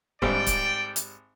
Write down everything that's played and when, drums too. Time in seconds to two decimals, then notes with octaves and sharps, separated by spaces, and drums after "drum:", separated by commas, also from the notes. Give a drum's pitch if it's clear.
0.22 G#1 G#2 G3 A4 D5 G5, drum: kick C#1
0.47 drum: kick C#1, hi-hat
0.96 drum: hi-hat